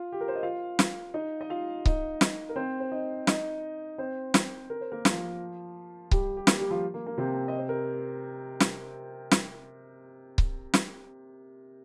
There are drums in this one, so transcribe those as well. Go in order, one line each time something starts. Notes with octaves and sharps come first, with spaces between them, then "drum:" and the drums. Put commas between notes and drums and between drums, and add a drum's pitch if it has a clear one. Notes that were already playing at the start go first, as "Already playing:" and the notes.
Already playing: F4
G4
A#4
C5
D#5
F4 F5
drum: snare
D#4 D#5
D#5
F4 F5
D#4 D#5, drum: kick C#1
drum: snare
A#4
C4 C5
C5
D#4 D#5
D#4 D#5, drum: snare
C4 C5
drum: snare
A#4
C5
A#3 A#4
F3 F4, drum: snare
G3 G4, drum: kick C#1
G4
A#3 A#4, drum: snare
G3 G4
F3 F4
A#3
A#3
C3 C4
D#5
C5
A#4
drum: snare
drum: snare
drum: kick C#1
drum: snare